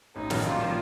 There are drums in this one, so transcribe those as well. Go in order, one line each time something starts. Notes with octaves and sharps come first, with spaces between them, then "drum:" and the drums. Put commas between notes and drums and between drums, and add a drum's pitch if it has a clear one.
A1 D#4
G2 D#3 F#3, drum: snare
A#2 F4
F3 A#3